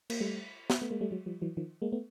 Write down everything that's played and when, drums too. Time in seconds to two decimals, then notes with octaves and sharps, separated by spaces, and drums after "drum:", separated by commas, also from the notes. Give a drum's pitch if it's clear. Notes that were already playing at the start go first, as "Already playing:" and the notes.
0.10 A#3, drum: cymbal
0.20 G3 A3
0.70 drum: snare
0.82 A3 B3
0.91 G#3 A#3
1.01 G3 A3
1.11 F#3 G#3
1.26 F3 G3
1.42 E3 F#3
1.57 D#3 F3
1.82 G#3 A#3
1.92 A3 B3